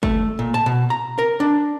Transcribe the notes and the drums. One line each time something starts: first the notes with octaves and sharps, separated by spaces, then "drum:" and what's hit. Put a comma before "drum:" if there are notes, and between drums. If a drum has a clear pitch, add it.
A3, drum: kick
A#2
A5
B2
A#5
A#4
D4